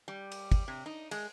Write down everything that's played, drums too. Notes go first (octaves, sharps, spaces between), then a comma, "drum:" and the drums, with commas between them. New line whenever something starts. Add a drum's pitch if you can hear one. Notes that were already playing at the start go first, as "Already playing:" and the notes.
G3
drum: cymbal
drum: kick, cymbal
C3
D#4
G#3, drum: cymbal